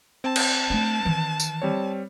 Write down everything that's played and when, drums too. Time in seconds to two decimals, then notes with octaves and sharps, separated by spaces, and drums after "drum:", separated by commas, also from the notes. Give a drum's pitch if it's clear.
0.24 C4 A5
0.36 drum: cymbal
0.70 A3 D4
1.05 D#3 E3
1.40 drum: tambourine
1.62 G3 C4 C#5